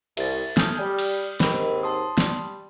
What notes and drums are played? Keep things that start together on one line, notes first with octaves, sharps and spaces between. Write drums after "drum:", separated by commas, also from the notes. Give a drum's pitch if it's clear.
C2 E5 A6, drum: cymbal
A4 G#5 D#6 F6 G6, drum: snare
G3
drum: cymbal
D#2 G#2 C4 A#4 D#5 B5, drum: snare
A5 C6 D#6
G3, drum: snare